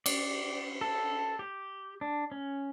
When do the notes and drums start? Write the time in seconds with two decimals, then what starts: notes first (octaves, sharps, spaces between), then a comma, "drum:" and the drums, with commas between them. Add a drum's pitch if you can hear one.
0.06 D5, drum: cymbal
0.81 A4
1.39 G4
2.01 D4
2.32 C#4